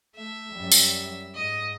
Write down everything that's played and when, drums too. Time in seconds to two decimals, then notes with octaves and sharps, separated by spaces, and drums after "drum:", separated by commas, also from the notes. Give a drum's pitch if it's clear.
0.15 A3 E5
0.53 F#2 G3
0.72 drum: tambourine
1.35 G#2 D#5